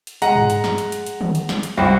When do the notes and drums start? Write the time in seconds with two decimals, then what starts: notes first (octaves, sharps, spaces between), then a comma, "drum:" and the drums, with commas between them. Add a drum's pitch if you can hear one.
0.07 drum: hi-hat
0.22 G#3 F#5 A#5, drum: hi-hat
0.36 drum: tom
0.50 drum: hi-hat
0.64 drum: snare
0.78 drum: hi-hat
0.92 drum: hi-hat
1.06 drum: hi-hat
1.21 drum: tom
1.35 drum: hi-hat
1.49 drum: snare
1.63 drum: hi-hat
1.77 C2 C4 F#4